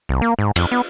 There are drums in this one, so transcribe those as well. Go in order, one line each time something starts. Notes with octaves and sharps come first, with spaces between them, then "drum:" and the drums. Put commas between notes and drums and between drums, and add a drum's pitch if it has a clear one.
C2
A#3
G#2
F2, drum: cymbal
B3